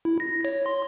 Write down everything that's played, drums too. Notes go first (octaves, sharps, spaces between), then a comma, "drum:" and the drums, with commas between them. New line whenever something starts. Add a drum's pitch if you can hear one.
E4
A#6
C#5, drum: open hi-hat
C6